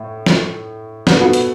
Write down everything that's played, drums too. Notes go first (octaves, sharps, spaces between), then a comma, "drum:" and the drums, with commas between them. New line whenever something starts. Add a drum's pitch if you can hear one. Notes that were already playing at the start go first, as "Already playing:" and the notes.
Already playing: A2
drum: snare
B3, drum: snare
A3
B2 B3
drum: hi-hat